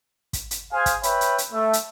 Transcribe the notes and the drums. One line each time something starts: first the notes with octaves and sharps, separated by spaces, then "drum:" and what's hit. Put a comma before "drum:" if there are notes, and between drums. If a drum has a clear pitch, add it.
drum: kick, hi-hat
drum: hi-hat
G#4 C5 F5 G#5
drum: kick, hi-hat
B4 C#5 E5 G5 B5, drum: hi-hat
drum: hi-hat
drum: hi-hat
A3
drum: hi-hat